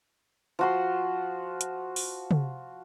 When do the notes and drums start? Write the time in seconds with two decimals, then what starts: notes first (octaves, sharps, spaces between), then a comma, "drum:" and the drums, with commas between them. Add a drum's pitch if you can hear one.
0.59 F3 F#4 C6
1.61 drum: hi-hat
1.96 drum: open hi-hat
2.31 drum: tom